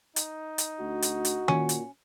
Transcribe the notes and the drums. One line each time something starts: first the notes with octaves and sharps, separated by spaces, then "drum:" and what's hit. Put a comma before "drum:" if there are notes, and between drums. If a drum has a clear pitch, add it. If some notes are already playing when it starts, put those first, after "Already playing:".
D#4, drum: hi-hat
drum: hi-hat
D2 F#4
drum: hi-hat
drum: hi-hat
A#2 C#4, drum: tom D#3
drum: hi-hat